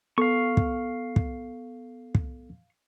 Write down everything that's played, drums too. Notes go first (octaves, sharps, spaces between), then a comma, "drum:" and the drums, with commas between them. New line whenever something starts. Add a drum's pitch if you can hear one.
B3 A4 F5 C#6
drum: kick
drum: kick
drum: kick